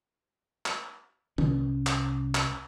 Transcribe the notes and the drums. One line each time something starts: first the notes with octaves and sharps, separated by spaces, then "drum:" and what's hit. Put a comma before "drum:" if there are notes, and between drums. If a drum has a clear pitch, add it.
drum: clap
C2 C#4, drum: tom D3
drum: clap
drum: clap